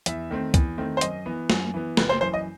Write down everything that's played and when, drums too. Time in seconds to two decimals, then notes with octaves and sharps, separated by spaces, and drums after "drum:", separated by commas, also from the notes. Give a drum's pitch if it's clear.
0.06 E2 E5, drum: hi-hat
0.31 D#3 A3 C4
0.54 E2, drum: kick C#2, hi-hat
0.78 D#3 A3 C4
0.97 C5
1.01 F#2 D#5, drum: hi-hat
1.26 E3 B3
1.50 F#2, drum: snare
1.74 E3 B3
1.97 F#1 B4, drum: snare
2.09 C5
2.21 F#2 E3 C5
2.34 D#5